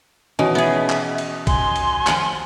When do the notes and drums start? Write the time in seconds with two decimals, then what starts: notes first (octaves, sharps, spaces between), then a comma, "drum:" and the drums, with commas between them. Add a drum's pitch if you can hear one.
0.39 B2 E3 C#4 D#4
0.55 B3 G#4 E5
0.90 drum: clap
1.18 drum: cymbal
1.47 G#5 C6, drum: kick, cymbal
1.76 drum: cymbal
2.07 F3 F4 F#5, drum: clap